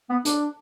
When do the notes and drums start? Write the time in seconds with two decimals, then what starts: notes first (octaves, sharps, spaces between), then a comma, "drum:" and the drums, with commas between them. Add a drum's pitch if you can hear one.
0.10 B3
0.25 D4, drum: hi-hat